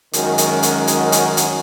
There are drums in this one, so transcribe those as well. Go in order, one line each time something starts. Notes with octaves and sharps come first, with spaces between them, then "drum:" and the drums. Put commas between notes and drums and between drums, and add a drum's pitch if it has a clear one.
F#2 D#3 G#3 C#4 F#4, drum: hi-hat
drum: hi-hat
drum: hi-hat
drum: hi-hat
drum: hi-hat
drum: hi-hat